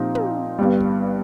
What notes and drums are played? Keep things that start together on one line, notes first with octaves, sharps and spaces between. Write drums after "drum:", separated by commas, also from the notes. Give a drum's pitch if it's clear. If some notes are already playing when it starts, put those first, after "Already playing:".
Already playing: A#2 F3 C4 D#4 G4
drum: tom
G1 G2 G3
drum: kick